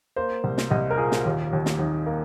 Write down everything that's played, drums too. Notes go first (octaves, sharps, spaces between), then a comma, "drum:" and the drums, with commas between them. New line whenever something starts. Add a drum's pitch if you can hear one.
A#3 C5
C2
drum: snare
C2 D#5
A#4
A#2 G#4
drum: snare
D#2
D#2
drum: snare
D#2 D#4
A#3